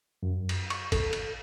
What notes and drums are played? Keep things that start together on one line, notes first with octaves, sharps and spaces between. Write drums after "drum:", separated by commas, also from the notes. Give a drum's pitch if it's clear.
F#2
drum: cymbal
C#6, drum: cymbal
A4, drum: kick G#1, cymbal
drum: cymbal